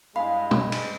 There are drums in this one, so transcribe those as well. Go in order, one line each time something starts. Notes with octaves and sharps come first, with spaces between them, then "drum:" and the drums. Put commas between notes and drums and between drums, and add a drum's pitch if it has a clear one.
G2 G#3 E4 F5 B5
drum: tom
drum: cymbal